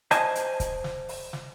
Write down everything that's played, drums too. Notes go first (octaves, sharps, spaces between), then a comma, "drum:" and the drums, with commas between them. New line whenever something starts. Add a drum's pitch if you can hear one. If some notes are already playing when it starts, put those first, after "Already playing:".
C5 D#5 G#5 A5, drum: hi-hat
drum: hi-hat
drum: kick, hi-hat
drum: snare
drum: open hi-hat
drum: snare